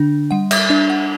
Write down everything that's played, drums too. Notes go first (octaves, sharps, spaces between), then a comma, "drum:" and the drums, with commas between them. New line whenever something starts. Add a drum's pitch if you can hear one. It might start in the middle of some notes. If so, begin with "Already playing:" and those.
Already playing: D3 D4
G3 F#5
E5, drum: cymbal
D4 E5
F#5